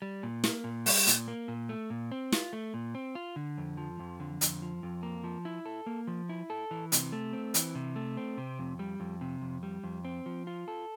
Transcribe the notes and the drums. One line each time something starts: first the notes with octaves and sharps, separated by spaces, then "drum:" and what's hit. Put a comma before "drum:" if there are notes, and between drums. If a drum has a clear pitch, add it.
G3
A#2
A#3, drum: snare
A#2
G3, drum: open hi-hat
A#2, drum: hi-hat
A#3
A#2
A3
A#2
C4
F4, drum: snare
A3
A#2
C4
F4
D3
F2
F3
F2
D3
F2, drum: hi-hat
F3
F2
A#3
F3
E4
A4
A#3
F3
E4
A4
E3
C3, drum: hi-hat
A3
C4
E3, drum: hi-hat
C3
A3
C4
C3
F2
G3
F2
C3
F2
G3
F2
C4
F3
F4
A4